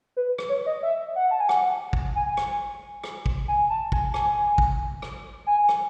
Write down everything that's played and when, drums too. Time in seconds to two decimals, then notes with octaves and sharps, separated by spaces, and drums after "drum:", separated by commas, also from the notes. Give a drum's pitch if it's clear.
0.17 B4
0.38 drum: rim click
0.49 C#5
0.66 D#5
0.83 E5
1.16 F#5
1.31 A5
1.40 G#5
1.49 F#5, drum: rim click
1.93 drum: kick
2.15 G#5
2.37 drum: rim click
3.04 drum: rim click
3.26 drum: kick
3.48 G#5
3.70 A5
3.92 G#5, drum: kick
4.14 G#5, drum: rim click
4.58 drum: kick
5.02 drum: rim click
5.47 G#5
5.69 drum: rim click